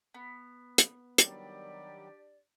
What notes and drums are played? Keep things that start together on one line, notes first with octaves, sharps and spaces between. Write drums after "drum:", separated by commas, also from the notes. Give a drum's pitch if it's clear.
B3
drum: hi-hat
D#3 F#3 G3 D4 G4 D5, drum: hi-hat